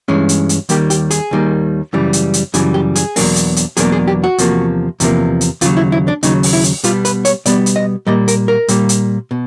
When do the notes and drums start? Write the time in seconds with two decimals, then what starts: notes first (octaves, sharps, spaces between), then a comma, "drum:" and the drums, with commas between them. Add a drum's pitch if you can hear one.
0.08 G2 E3 G#3 C#4
0.29 drum: hi-hat
0.49 drum: hi-hat
0.69 D#2 D#3 G3 A#3 G4, drum: hi-hat
0.90 G4, drum: hi-hat
1.11 G#4, drum: hi-hat
1.31 D#2 D#3 G3 A#3
1.93 F#2 C#3 E3 G3
2.13 drum: hi-hat
2.34 drum: hi-hat
2.54 F#2 C#3 E3 G3 G#4, drum: hi-hat
2.74 G4
2.95 G#4, drum: hi-hat
3.16 E2 B2 F#3 A#3 D4, drum: open hi-hat
3.36 drum: hi-hat
3.56 drum: hi-hat
3.77 E2 B2 F#3 A#3 D4 G#4, drum: hi-hat
3.92 G#4
4.07 G4
4.24 F#4
4.38 E2 C3 F3 A#3, drum: hi-hat
5.00 E2 C3 F3 A#3, drum: hi-hat
5.41 drum: hi-hat
5.61 D#2 C#3 F#3 F4, drum: hi-hat
5.77 E4
5.92 E4
6.08 D4
6.23 D#2 C#3 F#3 D#4, drum: hi-hat
6.43 drum: open hi-hat
6.53 E4
6.64 drum: hi-hat
6.84 B2 G3 B3 F4, drum: hi-hat
7.05 B4, drum: hi-hat
7.25 C#5, drum: hi-hat
7.46 B2 G3 B3 D5, drum: hi-hat
7.66 drum: hi-hat
7.76 D#5
8.07 A#2 G3 A#3 D#5
8.28 A#4, drum: hi-hat
8.48 A#4
8.68 A#2 G3 A#3, drum: hi-hat
8.89 drum: hi-hat
9.31 B2